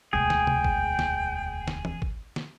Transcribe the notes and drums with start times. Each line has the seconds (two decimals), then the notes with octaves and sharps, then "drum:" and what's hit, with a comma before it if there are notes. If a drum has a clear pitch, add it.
0.13 E1 D2 G#4 G5
0.30 drum: snare
0.47 drum: tom C3
0.64 drum: kick
0.99 drum: snare
1.68 drum: snare
1.85 drum: tom E3
2.02 drum: kick
2.36 drum: snare